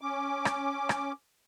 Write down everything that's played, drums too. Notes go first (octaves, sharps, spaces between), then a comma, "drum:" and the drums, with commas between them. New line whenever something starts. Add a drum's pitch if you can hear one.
C#4 D6
drum: rim click
drum: rim click